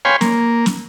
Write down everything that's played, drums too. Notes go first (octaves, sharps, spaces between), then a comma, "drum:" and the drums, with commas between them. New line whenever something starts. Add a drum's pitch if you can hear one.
C#5 F5 G5 G#5 B5 C6
A#3, drum: snare
drum: snare